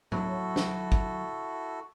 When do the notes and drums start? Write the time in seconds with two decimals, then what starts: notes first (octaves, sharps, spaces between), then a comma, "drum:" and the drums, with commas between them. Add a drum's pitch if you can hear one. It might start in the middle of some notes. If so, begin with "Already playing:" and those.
0.12 F#3 E4 F#4 A4, drum: tom A2
0.56 drum: snare
0.92 drum: kick G#1